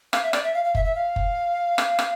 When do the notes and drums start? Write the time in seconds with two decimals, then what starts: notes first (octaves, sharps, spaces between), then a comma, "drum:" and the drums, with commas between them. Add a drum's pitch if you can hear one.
0.13 F5, drum: rim click
0.23 E5
0.33 D5, drum: rim click
0.43 E5
0.54 F5
0.64 F5
0.75 E5, drum: kick F#1
0.85 E5
0.95 F5
1.16 drum: kick F#1
1.78 drum: rim click
1.99 drum: rim click